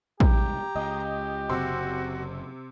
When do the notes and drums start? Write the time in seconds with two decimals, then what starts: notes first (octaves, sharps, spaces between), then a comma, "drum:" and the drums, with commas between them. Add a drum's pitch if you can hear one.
0.20 E1 C2 G#2 G4 A#5, drum: kick
0.75 C#2 D#5
1.49 F#1 C3 F#4 C6 E6